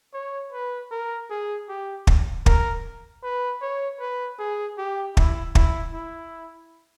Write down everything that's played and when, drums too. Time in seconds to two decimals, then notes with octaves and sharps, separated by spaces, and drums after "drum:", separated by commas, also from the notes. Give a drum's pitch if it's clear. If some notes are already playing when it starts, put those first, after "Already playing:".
0.14 C#5
0.53 B4
0.91 A#4
1.30 G#4
1.69 G4
2.07 drum: kick
2.46 A#4, drum: kick
3.23 B4
3.62 C#5
4.00 B4
4.39 G#4
4.78 G4
5.17 E4, drum: kick
5.55 E4, drum: kick
5.94 E4